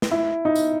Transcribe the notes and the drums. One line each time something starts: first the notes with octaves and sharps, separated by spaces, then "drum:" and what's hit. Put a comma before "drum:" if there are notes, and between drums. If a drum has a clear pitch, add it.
drum: snare
E4
D#4
drum: tambourine